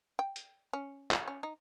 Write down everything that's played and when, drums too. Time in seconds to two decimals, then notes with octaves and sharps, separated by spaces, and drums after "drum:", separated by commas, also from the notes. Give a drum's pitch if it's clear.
0.19 G5
0.36 drum: hi-hat
0.73 C#4
1.11 drum: clap
1.28 C#4
1.43 D#4